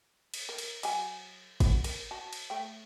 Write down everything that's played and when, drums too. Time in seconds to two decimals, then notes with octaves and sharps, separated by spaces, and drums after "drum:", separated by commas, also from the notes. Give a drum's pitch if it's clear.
0.34 drum: cymbal
0.49 A#4
0.58 drum: cymbal
0.83 F#3 G#5, drum: cymbal
1.60 B3, drum: kick, cymbal
1.84 A#4, drum: cymbal
2.11 F#4 A5
2.33 drum: cymbal
2.50 A3 G5